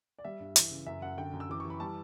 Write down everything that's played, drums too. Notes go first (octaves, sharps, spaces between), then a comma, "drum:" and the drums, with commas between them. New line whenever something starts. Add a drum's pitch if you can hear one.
D5
G3 E5
G2
E3, drum: hi-hat
C#3
F#2 E5
F#2 F#5
D3 G5
F#2
E6
E3 D6
E3 C#6
B5
G3 A5